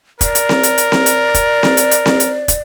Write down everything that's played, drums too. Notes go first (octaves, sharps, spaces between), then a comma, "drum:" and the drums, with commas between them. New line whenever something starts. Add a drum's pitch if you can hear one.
A#4 D5, drum: kick, hi-hat
drum: hi-hat
drum: snare C4
drum: hi-hat
drum: hi-hat
drum: snare C4
drum: hi-hat
drum: kick, hi-hat
drum: snare C4
drum: hi-hat
drum: hi-hat
drum: snare C4
drum: hi-hat
drum: kick, hi-hat